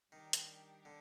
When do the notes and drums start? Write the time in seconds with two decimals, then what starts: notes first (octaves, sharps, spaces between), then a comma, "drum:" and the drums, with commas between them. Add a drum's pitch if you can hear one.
0.12 D#3 G3 D4 G4 A#4
0.33 drum: hi-hat
0.85 D3